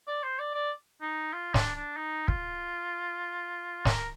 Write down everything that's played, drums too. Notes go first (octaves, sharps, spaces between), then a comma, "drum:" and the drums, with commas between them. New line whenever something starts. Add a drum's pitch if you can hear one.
D5
C5
D5
D5
D#4
F4
D4, drum: snare
D4
D#4
F4, drum: kick
A#4, drum: snare